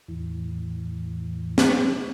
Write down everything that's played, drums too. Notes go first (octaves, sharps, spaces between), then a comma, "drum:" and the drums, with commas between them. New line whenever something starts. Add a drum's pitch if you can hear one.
E2 A2 E3
drum: snare